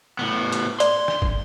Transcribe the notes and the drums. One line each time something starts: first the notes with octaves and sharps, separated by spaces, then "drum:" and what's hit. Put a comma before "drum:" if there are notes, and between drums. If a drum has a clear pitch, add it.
A2 B3
drum: hi-hat
D5 C6, drum: hi-hat
drum: rim click
drum: kick